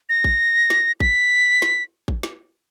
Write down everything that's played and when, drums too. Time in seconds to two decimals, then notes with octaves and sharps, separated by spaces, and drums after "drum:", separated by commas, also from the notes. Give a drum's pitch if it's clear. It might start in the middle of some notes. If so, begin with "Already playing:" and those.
0.09 A#6
0.24 drum: kick A1
0.70 drum: snare
1.00 B6, drum: kick A1
1.62 drum: snare
2.08 drum: kick A1
2.23 drum: snare